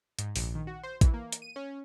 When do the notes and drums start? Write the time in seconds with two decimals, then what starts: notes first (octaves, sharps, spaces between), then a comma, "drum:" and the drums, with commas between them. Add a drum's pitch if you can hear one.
0.19 G#2, drum: hi-hat
0.36 A#1, drum: open hi-hat
0.55 D#3
0.67 F#4
0.83 C5
1.01 E3, drum: kick, hi-hat
1.14 A#3
1.32 drum: hi-hat
1.42 D#7
1.56 C#4